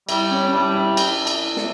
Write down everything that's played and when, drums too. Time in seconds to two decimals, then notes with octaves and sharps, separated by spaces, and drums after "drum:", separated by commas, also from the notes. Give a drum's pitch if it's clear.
0.09 G3 E4, drum: cymbal
0.31 C#4
0.46 C#4
0.53 G3 D4
0.75 E4
0.97 drum: cymbal
1.27 drum: cymbal
1.56 drum: snare